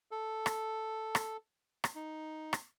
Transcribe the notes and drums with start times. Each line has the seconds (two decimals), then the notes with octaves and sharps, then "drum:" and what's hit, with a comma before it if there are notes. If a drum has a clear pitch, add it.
0.11 A4
0.46 drum: rim click
1.15 drum: rim click
1.84 drum: rim click
1.95 D#4
2.53 drum: rim click